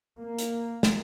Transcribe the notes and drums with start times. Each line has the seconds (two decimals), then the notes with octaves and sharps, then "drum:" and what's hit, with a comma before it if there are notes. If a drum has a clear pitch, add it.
0.16 A#3
0.38 drum: hi-hat
0.83 drum: snare